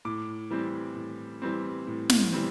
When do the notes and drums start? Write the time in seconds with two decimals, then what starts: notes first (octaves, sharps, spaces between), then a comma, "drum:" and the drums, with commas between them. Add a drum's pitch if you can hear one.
0.05 A2 D6
0.51 E3 G3 C4
0.96 A2
1.42 E3 G3 C4
1.87 A2
2.09 drum: snare
2.33 E3 G3 C4